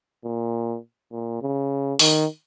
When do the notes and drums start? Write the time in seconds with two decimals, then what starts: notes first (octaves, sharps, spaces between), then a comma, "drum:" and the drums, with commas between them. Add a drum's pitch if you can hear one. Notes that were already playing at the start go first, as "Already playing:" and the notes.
0.24 A#2
1.12 A#2
1.42 C#3
1.99 D#3, drum: open hi-hat